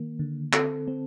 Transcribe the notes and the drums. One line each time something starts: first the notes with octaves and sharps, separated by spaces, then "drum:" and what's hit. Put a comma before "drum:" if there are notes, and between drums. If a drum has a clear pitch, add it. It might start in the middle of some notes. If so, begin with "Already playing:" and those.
Already playing: D#3 A#3
D3
C4 A4, drum: clap
C4